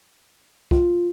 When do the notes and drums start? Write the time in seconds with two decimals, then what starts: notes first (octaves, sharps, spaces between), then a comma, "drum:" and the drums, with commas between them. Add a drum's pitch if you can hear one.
0.71 F4, drum: kick